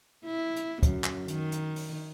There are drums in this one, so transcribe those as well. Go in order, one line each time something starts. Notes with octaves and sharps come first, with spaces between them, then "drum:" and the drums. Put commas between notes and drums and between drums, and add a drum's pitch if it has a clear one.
E4
drum: hi-hat
F#2, drum: kick, hi-hat
drum: clap
D#3, drum: hi-hat
drum: hi-hat
drum: open hi-hat